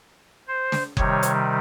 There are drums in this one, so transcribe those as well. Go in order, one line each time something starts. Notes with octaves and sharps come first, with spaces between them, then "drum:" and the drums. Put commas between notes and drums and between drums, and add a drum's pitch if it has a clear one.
C5
drum: snare
C3 D#3 G3 C#5, drum: kick F#1
drum: hi-hat